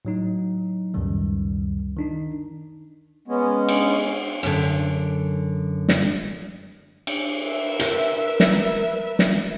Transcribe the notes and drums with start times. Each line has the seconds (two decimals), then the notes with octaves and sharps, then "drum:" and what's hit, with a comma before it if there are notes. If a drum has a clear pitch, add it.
0.05 A2 F#3 D#4
0.94 C#2 F#2 B2 D#3 G3
1.97 D#3 D4 D#4
3.28 G#3 B3 C#4
3.69 drum: cymbal
4.43 F#2 D3
5.89 drum: snare
7.07 drum: cymbal
7.40 A#4 B4 E5
7.79 drum: hi-hat
8.40 drum: snare
9.19 drum: snare